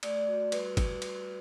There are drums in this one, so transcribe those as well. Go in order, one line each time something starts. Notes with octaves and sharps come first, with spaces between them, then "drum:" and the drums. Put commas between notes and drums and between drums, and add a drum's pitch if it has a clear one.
A3 D5, drum: cymbal
D5
F#4
G3 B4, drum: cymbal
drum: kick F#1, cymbal
drum: cymbal